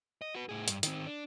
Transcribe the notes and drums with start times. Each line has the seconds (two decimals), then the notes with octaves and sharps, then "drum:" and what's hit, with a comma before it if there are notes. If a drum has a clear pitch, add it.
0.22 D#5
0.35 F#4 B4
0.49 A2 G#4
0.68 G2, drum: hi-hat
0.83 D#3 C4, drum: hi-hat
1.07 D4